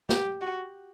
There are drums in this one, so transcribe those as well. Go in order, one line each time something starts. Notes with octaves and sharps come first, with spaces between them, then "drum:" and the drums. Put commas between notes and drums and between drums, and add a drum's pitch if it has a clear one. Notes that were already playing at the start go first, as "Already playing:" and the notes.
G4, drum: snare
F#4